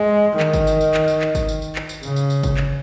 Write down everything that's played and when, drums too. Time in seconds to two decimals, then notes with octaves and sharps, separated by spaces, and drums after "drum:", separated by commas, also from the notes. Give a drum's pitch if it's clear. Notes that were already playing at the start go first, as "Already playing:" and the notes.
Already playing: G#3
0.40 D#3, drum: clap
0.53 drum: kick, tambourine
0.67 drum: tambourine
0.81 drum: tambourine
0.94 drum: clap
1.08 drum: tambourine
1.21 drum: clap
1.35 drum: kick, tambourine
1.48 drum: tambourine
1.62 drum: tambourine
1.76 drum: clap
1.89 drum: tambourine
2.03 C#3, drum: tambourine
2.16 drum: tambourine
2.30 drum: tambourine
2.43 drum: kick, tambourine
2.57 drum: clap